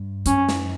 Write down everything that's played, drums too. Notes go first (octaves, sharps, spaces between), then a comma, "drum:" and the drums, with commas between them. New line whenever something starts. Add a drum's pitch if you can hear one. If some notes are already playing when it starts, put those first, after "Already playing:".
Already playing: G2
F#2 C#4, drum: hi-hat
drum: snare